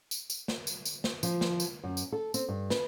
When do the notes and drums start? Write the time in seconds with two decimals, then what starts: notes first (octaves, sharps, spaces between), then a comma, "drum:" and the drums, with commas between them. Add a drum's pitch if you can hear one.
0.11 drum: tambourine
0.30 drum: tambourine
0.48 drum: snare
0.67 drum: tambourine
0.85 drum: tambourine
1.04 drum: snare
1.23 F3, drum: tambourine
1.41 drum: snare
1.60 drum: tambourine
1.84 F#2
1.97 drum: tambourine
2.12 A4
2.34 C4, drum: tambourine
2.48 G2
2.70 B4, drum: snare